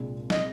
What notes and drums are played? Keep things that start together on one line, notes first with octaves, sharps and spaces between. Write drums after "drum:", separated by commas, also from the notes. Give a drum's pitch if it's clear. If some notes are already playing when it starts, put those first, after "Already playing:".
Already playing: C2 A#2 G#3 D4
D#5, drum: snare